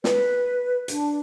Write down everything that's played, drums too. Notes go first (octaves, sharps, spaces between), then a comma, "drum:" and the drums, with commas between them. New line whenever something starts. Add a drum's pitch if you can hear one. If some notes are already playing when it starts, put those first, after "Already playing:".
B4, drum: snare
D4, drum: hi-hat